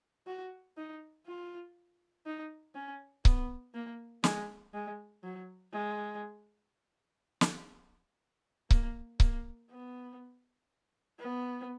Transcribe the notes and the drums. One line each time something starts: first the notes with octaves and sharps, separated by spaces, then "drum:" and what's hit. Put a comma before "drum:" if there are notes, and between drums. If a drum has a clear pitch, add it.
F#4
D#4
F4
D#4
C#4
B3, drum: kick C#1
A#3
G#3, drum: snare
G#3
F#3
G#3
drum: snare
A#3, drum: kick C#1
A#3, drum: kick C#1
B3
B3